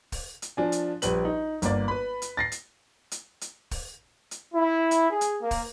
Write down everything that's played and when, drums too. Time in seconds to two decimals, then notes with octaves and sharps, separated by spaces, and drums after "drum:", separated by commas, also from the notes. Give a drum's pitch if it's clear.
0.12 drum: kick, open hi-hat
0.42 drum: hi-hat
0.57 F3 D4 G#5
0.72 drum: hi-hat
1.02 A#1 G3 B4 F#7, drum: hi-hat
1.25 D#4
1.62 G1 A#3 D5, drum: hi-hat
1.88 B4 B5
2.22 drum: hi-hat
2.37 A6 A#6 C7
2.52 drum: hi-hat
3.11 drum: hi-hat
3.41 drum: hi-hat
3.71 drum: kick, open hi-hat
4.31 drum: hi-hat
4.54 E4
4.91 drum: hi-hat
5.11 G#4
5.21 drum: hi-hat
5.42 A#3
5.51 drum: kick, open hi-hat